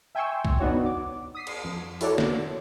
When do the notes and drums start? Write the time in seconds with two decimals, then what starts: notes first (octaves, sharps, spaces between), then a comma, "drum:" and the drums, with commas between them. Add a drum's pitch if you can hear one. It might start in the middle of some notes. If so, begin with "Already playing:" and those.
0.15 E5 G5 G#5 C6 C#6 E6
0.45 drum: kick B1
0.60 B3 D4 D#4 F#4 C#5
0.85 D6
1.35 D#6 B6 C7
1.47 drum: cymbal
1.64 F2
2.01 E4 F#4 A4 C#5 D5, drum: open hi-hat
2.18 drum: snare